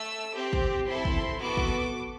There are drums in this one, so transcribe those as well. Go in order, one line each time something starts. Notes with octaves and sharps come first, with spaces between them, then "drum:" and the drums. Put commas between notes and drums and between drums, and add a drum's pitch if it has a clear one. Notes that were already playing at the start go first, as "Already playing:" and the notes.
Already playing: A3 E6
C4 G4
drum: kick
C4 E4 A4 C6
drum: kick
B3 F#4 A4 D6
drum: kick